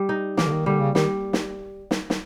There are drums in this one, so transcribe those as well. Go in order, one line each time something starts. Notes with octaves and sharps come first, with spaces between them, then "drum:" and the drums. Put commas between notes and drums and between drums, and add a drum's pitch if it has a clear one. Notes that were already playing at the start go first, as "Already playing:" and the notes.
Already playing: G3
D#4
E3 A#3, drum: snare
D3
D#3
D3 G3
C#3
D#3 G3, drum: snare
drum: snare
drum: snare
drum: snare